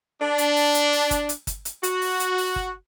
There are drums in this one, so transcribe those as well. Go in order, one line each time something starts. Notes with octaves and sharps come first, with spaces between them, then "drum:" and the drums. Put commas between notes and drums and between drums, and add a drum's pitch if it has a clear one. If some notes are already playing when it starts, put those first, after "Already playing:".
D4
drum: hi-hat
drum: open hi-hat
drum: hi-hat
drum: open hi-hat
drum: kick G1, hi-hat
drum: hi-hat
drum: kick G1, hi-hat
drum: hi-hat
F#4, drum: hi-hat
drum: open hi-hat
drum: hi-hat
drum: open hi-hat
drum: kick G1